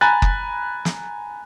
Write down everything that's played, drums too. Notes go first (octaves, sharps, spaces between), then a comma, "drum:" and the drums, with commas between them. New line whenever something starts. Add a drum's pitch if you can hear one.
G#5 A#5 B5 F#6 A6
drum: kick F#1
drum: snare